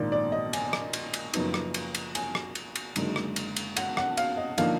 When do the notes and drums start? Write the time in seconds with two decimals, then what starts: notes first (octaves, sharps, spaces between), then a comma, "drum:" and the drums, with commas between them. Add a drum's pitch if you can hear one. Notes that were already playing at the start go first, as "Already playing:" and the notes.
Already playing: A#1 G#2 D#3 A#3 D5
0.12 D5
0.32 D#5
0.53 G#5, drum: cymbal
0.73 drum: rim click
0.93 drum: cymbal
1.14 drum: cymbal
1.34 F#1 F#2 F3 B3 D#4, drum: cymbal
1.54 drum: rim click
1.74 drum: cymbal
1.94 drum: cymbal
2.15 G#5, drum: cymbal
2.35 drum: rim click
2.55 drum: cymbal
2.75 drum: cymbal
2.96 F#1 F#2 D3 G#3 D#4, drum: cymbal
3.16 drum: rim click
3.36 drum: cymbal
3.56 drum: cymbal
3.76 F#5, drum: cymbal
3.97 F#5, drum: rim click
4.17 F5, drum: cymbal
4.37 D#5
4.58 D3 F3 A#3 D#4 F5, drum: cymbal